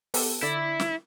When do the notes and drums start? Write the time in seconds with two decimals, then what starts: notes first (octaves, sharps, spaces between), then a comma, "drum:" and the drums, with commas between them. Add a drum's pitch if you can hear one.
0.14 B3 G4 A4, drum: open hi-hat
0.42 D3 E4 D5
0.80 drum: snare